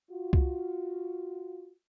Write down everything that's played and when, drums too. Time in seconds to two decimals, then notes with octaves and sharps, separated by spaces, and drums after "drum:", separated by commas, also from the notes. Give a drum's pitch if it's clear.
0.10 F4 F#4
0.33 drum: kick C2